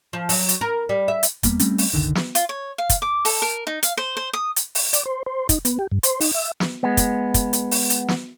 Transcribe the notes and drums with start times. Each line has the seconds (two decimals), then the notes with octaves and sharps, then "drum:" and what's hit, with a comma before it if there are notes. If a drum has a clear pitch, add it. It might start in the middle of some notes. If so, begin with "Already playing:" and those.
0.13 F3
0.29 F#3, drum: open hi-hat
0.49 drum: hi-hat
0.61 A#4
0.89 G3
1.08 E5
1.23 drum: hi-hat
1.43 E2 G3 A#3 B3, drum: kick, hi-hat
1.60 G3 A3 C4 C#4, drum: hi-hat
1.78 drum: open hi-hat
1.93 F#1 C2 D3 D#3
2.15 drum: snare
2.35 F4, drum: hi-hat
2.49 C#5
2.78 F5
2.90 drum: kick, hi-hat
3.02 D6
3.25 A4, drum: open hi-hat
3.42 A#4
3.67 D#4
3.83 F5, drum: hi-hat
3.97 C5
4.17 C5
4.33 D#6
4.56 drum: hi-hat
4.75 drum: open hi-hat
4.93 D5, drum: hi-hat
5.06 C5
5.26 C5
5.49 D#4, drum: kick, hi-hat
5.65 B3, drum: hi-hat
5.79 G4
5.92 G2
6.03 C5, drum: hi-hat
6.21 D#4, drum: open hi-hat
6.35 E5
6.60 drum: snare
6.83 G#3 B3
6.97 drum: kick, hi-hat
7.34 drum: kick, hi-hat
7.53 drum: hi-hat
7.71 drum: open hi-hat
7.90 drum: hi-hat
8.08 drum: snare